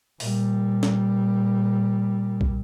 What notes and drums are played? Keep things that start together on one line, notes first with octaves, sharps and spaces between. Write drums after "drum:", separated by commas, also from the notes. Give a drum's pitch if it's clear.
A#2 G3, drum: open hi-hat
drum: snare
drum: kick